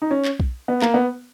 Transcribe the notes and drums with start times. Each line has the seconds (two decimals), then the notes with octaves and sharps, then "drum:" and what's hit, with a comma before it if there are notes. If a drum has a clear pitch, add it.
0.02 D#4
0.11 C#4
0.25 drum: clap
0.40 drum: kick B1
0.68 B3
0.82 A#3, drum: clap
0.94 B3